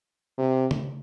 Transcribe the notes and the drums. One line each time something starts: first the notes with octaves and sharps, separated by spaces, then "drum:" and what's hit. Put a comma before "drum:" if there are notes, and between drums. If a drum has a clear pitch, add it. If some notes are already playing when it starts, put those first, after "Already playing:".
C3
drum: tom C#3